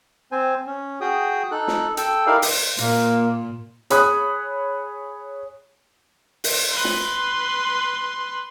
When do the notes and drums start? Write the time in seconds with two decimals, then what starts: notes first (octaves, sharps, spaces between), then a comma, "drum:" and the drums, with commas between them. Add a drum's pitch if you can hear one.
0.32 C4 C5 G#5
0.67 C#4
1.01 F#4 G#4 G5 D#6
1.51 D#4 A4 F#6
1.68 drum: snare
1.97 A4 G5 E6, drum: hi-hat
2.26 D#4 E4 G4 A#4 D5 F5
2.42 drum: open hi-hat
2.78 A#2 A#3, drum: hi-hat
3.90 G#4 C#5 B5 D#6 F#6, drum: hi-hat
6.44 drum: open hi-hat
6.71 B4 C6
6.84 drum: snare